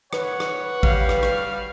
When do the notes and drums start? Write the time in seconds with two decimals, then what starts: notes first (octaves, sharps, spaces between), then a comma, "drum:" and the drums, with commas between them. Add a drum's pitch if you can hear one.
0.13 B4 C#5 F#5, drum: rim click
0.40 drum: rim click
0.83 G3 F5, drum: kick A1
1.09 drum: rim click
1.23 drum: rim click